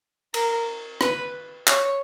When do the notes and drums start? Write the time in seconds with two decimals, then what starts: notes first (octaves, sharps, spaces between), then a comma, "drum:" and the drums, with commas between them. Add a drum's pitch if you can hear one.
0.34 A#4, drum: cymbal
1.01 B4, drum: rim click
1.67 C#5, drum: clap